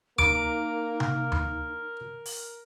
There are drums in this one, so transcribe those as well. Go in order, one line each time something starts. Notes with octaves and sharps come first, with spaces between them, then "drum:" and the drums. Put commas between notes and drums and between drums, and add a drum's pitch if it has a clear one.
A#3 D#4 A#4 D6, drum: tom D2
drum: tom C3
drum: tom D2
drum: open hi-hat